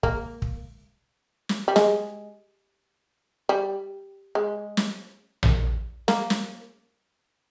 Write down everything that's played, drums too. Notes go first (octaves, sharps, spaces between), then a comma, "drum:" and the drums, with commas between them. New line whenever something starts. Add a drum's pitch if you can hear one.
A#3, drum: kick
drum: kick
drum: snare
G3
G#3, drum: snare
G3
G#3
drum: snare
drum: tom A#1
A#3, drum: snare
drum: snare